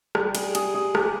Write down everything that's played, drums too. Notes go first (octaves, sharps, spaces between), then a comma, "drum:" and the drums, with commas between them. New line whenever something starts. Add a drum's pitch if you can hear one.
G3, drum: rim click
G#4, drum: cymbal
G#4, drum: cymbal
G#4
G4, drum: rim click